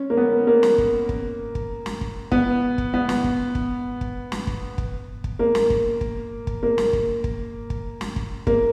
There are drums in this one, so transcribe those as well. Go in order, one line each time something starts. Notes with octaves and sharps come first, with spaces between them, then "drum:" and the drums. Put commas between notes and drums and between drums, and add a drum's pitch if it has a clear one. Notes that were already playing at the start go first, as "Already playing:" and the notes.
Already playing: C#4
A#3
B3
A#3
drum: snare
drum: kick
drum: kick
drum: kick
drum: snare
drum: kick
B3, drum: kick
drum: kick
B3
drum: snare
drum: kick
drum: kick
drum: kick
drum: snare
drum: kick
drum: kick
drum: kick
A#3
drum: snare
drum: kick
drum: kick
drum: kick
A#3
drum: snare
drum: kick
drum: kick
drum: kick
drum: snare
drum: kick
A#3, drum: kick